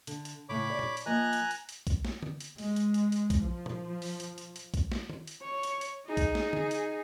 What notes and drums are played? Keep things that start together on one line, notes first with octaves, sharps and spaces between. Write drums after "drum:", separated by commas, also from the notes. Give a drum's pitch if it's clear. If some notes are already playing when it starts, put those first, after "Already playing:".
D3, drum: hi-hat
drum: hi-hat
A2 C#3 C#5 B5 D6
D5
drum: tom
drum: hi-hat
F3 A#3 D#5 G#5 A#5 F#6
drum: hi-hat
drum: hi-hat
drum: hi-hat
drum: kick, hi-hat
drum: snare
drum: tom D3
drum: hi-hat
G#3, drum: open hi-hat
drum: hi-hat
drum: hi-hat
drum: hi-hat
drum: kick, hi-hat
F3
drum: tom
drum: open hi-hat
drum: hi-hat
drum: hi-hat
drum: hi-hat
drum: kick, hi-hat
drum: snare
drum: tom D#3
drum: hi-hat
C#5
drum: hi-hat
drum: hi-hat
D#4 G#4
drum: kick, hi-hat
drum: snare
drum: tom D3
drum: hi-hat